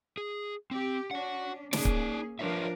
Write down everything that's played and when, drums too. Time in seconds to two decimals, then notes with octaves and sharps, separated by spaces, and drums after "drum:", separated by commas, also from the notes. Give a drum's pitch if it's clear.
0.18 G#4
0.71 C4 G4
1.11 C#4 D4 F#4 F#5
1.73 A#3 C#4 D#4 G#4 D5, drum: snare
1.85 drum: kick C#1
2.39 F3 D4 A#4 B4 C#5 E5